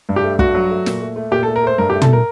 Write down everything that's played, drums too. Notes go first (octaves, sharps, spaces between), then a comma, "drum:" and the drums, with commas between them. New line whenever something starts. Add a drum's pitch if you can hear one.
G2
G4
A3
G2 F#4, drum: kick
F#3
A3
A#2, drum: snare
A3
A3
A#2 G4
A4
A3
A#4
A3 C5
G2 A#4
G4
A3
A4, drum: tom
A#4